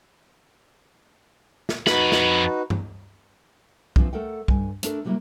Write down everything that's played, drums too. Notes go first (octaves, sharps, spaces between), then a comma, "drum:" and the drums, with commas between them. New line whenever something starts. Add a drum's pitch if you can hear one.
drum: snare
F2 D#4 F#4 B4 B5, drum: snare
drum: snare
drum: tom G2
E3 F3 C4 D4, drum: kick B1
A3 A4 A#4 F#5 G5
G2 G#5, drum: kick B1
A3 D4 A4 A#4, drum: hi-hat
C3 F#3 G3 A#3 E4 A#4